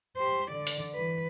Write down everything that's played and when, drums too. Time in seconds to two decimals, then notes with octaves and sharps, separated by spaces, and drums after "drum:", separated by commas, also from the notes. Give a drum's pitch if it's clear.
0.17 G4 C5
0.51 D3 D5
0.67 drum: open hi-hat
0.94 E3 B4